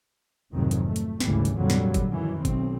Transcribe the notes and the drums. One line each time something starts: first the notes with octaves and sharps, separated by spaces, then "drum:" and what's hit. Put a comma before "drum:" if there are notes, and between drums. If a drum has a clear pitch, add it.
F1 C2 F2 G#2 D#3 F#3
drum: hi-hat
A3
drum: hi-hat
G#1 D2 G#2 C#3 E3 G3, drum: snare
drum: hi-hat
F2 A#2 D3 F#3 G3
drum: snare
drum: kick G#1, hi-hat
F#2 D#3 E3
B1 C4, drum: kick G#1, hi-hat